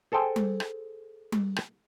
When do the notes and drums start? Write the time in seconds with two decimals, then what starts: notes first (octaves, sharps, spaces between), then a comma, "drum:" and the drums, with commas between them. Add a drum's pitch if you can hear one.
0.12 G#4 A4 C5 G5 G#5
0.36 drum: tom G3
0.60 drum: rim click
1.32 drum: tom G3
1.56 drum: rim click